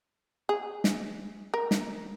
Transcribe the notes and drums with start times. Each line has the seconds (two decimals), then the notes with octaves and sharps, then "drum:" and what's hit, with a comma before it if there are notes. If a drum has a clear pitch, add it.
0.49 G#4
0.84 drum: snare
1.54 A#4
1.71 drum: snare